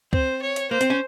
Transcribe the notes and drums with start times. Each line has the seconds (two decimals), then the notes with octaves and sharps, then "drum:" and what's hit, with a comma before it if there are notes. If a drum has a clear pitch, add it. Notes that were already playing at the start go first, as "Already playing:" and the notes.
0.13 C4 C5, drum: kick
0.42 C#5
0.56 drum: hi-hat
0.71 A#3 C5
0.81 C4, drum: hi-hat
0.90 C#4